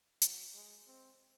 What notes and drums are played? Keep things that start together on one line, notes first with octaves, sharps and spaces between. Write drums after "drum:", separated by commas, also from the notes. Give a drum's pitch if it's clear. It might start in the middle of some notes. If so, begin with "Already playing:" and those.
F#3, drum: hi-hat
G#3
C4